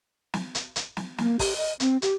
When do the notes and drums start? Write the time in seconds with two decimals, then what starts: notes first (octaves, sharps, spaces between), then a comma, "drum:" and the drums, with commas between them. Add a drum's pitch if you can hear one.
0.34 drum: snare
0.55 drum: hi-hat
0.76 drum: hi-hat
0.97 drum: snare
1.18 A#3, drum: snare
1.39 G4, drum: kick, open hi-hat
1.56 D#5
1.80 C4, drum: hi-hat
2.02 G4, drum: hi-hat